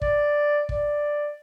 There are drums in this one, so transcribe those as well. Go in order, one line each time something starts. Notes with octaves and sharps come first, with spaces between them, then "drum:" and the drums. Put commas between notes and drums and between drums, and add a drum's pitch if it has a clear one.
D5, drum: kick
D5, drum: kick